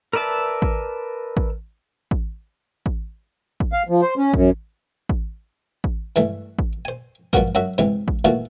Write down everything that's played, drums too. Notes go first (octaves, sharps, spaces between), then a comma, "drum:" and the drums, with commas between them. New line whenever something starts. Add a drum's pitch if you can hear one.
A#4 B4 D5 E5 A5
drum: kick A1
drum: kick A1
drum: kick A1
drum: kick A1
drum: kick A1
F5
F3
C5
C#4
F#2, drum: kick A1
drum: kick A1
drum: kick A1
G2 E3 A3
drum: kick A1
C5 G#5
G2 F3 B3 F#4 A#4, drum: kick A1
F#2 F#3 F#4 E5
G#2 C3 E3
drum: kick A1
A#2 E3 A3 F4 F#4